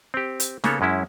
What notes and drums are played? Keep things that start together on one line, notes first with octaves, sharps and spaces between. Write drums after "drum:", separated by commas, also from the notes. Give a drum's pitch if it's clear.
C4 G4
drum: hi-hat
C#3 A#3 B3 A4 C#5, drum: snare
F#2 G#3 C#4 E4